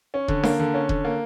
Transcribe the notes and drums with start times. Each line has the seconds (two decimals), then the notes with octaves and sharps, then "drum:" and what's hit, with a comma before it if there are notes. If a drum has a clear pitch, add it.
0.14 C#4
0.28 D3, drum: kick E1
0.43 A#3, drum: snare D4
0.59 D3
0.74 C#4
0.89 D3, drum: kick E1
1.05 A#3